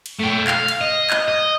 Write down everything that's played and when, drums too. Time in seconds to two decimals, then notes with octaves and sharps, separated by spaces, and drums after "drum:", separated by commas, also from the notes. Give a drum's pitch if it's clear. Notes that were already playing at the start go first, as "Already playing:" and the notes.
0.06 drum: cymbal
0.19 A3 G5
0.47 F5, drum: clap
0.68 drum: cymbal
0.81 D#5
1.10 drum: clap
1.28 D#5